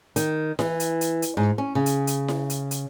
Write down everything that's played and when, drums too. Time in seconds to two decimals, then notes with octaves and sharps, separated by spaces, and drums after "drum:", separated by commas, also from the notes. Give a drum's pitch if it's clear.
0.16 D#3, drum: hi-hat
0.59 E3, drum: snare E4
0.80 drum: hi-hat
1.01 drum: hi-hat
1.22 drum: hi-hat
1.37 G#2
1.58 C#4
1.75 C#3
1.86 drum: hi-hat
2.07 drum: hi-hat
2.28 drum: snare E4
2.50 drum: hi-hat
2.71 drum: hi-hat